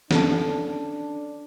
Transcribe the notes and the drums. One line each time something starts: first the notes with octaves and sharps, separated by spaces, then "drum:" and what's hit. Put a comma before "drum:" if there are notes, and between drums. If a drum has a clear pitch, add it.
C#4 D4 A4 A5, drum: snare